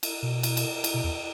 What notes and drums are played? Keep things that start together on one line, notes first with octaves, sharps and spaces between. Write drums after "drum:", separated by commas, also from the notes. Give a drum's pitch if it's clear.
drum: cymbal
B2
drum: cymbal
drum: cymbal
drum: cymbal
B2
E2